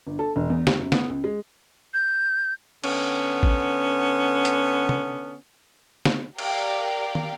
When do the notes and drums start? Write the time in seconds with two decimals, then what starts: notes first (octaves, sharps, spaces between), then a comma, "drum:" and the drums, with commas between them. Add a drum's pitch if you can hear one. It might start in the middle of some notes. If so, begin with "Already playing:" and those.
0.07 G1
0.19 A4
0.36 E1
0.50 E2
0.67 G4, drum: snare
0.79 F#2
0.92 B3, drum: snare
1.10 C#2
1.24 G#3
1.94 G6
2.84 D3 B3 C#4, drum: cymbal
3.43 drum: kick
4.45 drum: hi-hat
4.89 drum: tom
6.05 drum: snare
6.38 G4 A#4 D5 F5 G5, drum: cymbal
7.15 drum: tom